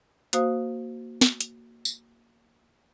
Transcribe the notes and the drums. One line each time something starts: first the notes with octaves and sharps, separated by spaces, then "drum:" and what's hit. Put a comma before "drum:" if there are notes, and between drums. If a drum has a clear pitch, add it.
A#3 F#4 C5 F5 D#6, drum: hi-hat
drum: snare
drum: hi-hat
drum: tambourine